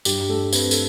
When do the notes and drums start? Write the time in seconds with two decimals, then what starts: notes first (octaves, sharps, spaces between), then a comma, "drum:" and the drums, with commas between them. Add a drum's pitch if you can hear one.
0.05 G2 G4, drum: tambourine
0.29 A3 A4
0.53 C4 B4, drum: tambourine
0.71 A4, drum: tambourine